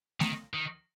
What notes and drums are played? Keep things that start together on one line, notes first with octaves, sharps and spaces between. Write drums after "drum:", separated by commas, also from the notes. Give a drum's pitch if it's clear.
D#3, drum: snare A3
D#3